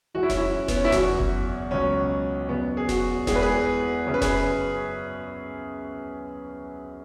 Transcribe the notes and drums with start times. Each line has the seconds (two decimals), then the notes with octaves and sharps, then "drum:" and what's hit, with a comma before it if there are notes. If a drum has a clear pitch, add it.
0.14 F#2 E3 G#3 F#4
0.23 E4
0.30 C#4, drum: snare F1
0.38 E4
0.68 B3, drum: snare F1
0.76 C#4
0.85 E4
0.92 E2 C#3 F#3 F#4, drum: snare F1
1.20 drum: kick F#1
1.71 C#2 B2 F#3 C#4
2.49 E2 C#3 F#3 B3
2.77 G#4
2.89 F#4, drum: snare F1
3.27 E2 E3 G#3 G#4, drum: snare F1
3.35 B4
3.43 G#4
4.06 F#2 C#3 F#3
4.14 B4
4.22 G#4, drum: snare F1
4.30 B4